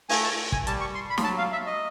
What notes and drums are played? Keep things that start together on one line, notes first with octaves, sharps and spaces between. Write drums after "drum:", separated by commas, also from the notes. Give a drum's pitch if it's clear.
A3 G#5, drum: open hi-hat
A5
G#5, drum: kick
G3 A5, drum: hi-hat
C#6
C6
B5
F3, drum: snare
F#3 A5
F5
E5
D#5